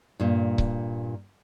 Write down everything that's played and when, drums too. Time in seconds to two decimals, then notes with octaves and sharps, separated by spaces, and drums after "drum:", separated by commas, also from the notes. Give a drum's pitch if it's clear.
0.20 G2 A#2
0.58 drum: kick C#1